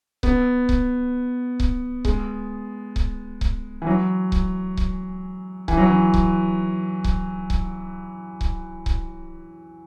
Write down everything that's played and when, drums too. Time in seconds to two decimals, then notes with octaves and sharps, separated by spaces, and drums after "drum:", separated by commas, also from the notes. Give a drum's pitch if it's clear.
0.23 B3, drum: kick C#1
0.69 drum: kick C#1
1.60 drum: kick C#1
2.05 G#3, drum: kick C#1
2.96 drum: kick C#1
3.41 drum: kick C#1
3.82 E3
3.87 F#3
4.32 drum: kick C#1
4.77 drum: kick C#1
5.68 E3, drum: kick C#1
5.77 F#3
5.87 E3
6.14 drum: kick C#1
7.04 drum: kick C#1
7.50 drum: kick C#1
8.41 drum: kick C#1
8.86 drum: kick C#1